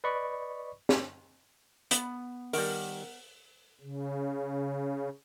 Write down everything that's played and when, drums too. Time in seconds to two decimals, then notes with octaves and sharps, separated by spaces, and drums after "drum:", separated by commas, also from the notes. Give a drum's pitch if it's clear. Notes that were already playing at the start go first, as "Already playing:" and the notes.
0.04 B4 D5 D#5 B5 C#6
0.89 drum: snare
1.91 B3, drum: hi-hat
2.53 D#3 G3 A#4 F#5, drum: open hi-hat
3.81 C#3